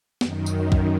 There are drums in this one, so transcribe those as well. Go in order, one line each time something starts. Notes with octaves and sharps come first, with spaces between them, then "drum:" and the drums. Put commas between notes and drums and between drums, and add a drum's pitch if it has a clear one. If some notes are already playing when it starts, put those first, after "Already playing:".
F#2 D#3, drum: snare
drum: tambourine
drum: kick